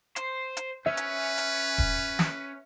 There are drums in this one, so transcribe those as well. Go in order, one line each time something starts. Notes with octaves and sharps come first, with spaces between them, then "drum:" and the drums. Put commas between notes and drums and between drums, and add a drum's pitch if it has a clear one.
C5, drum: hi-hat
drum: hi-hat
C#4 B4 E5
drum: hi-hat
drum: hi-hat
drum: kick D#1
drum: snare